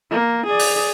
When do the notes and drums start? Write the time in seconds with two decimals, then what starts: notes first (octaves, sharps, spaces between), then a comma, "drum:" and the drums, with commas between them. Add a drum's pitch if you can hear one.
0.11 A#3
0.46 G#4 D5
0.59 drum: open hi-hat